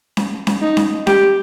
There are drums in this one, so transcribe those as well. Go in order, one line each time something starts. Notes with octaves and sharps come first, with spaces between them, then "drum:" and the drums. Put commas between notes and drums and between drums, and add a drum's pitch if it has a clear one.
drum: snare C#4
drum: snare C#4
D#4
drum: snare C#4
G4, drum: snare C#4